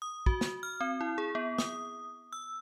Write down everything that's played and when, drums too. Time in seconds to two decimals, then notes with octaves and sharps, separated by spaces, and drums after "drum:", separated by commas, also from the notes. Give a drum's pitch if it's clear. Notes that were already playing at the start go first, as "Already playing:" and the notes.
0.02 D#6
0.26 F#4, drum: kick
0.41 drum: snare
0.63 F6
0.81 C4
1.01 E4
1.18 G#4
1.35 B3
1.58 D#6, drum: snare
2.33 E6